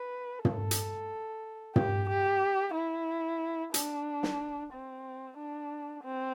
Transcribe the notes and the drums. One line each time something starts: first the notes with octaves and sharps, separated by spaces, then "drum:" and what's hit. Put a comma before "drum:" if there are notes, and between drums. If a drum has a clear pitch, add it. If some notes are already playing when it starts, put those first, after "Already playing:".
Already playing: B4
A4, drum: tom
drum: hi-hat
G4, drum: tom
G4
E4
D4, drum: hi-hat
drum: snare
C4
D4
C4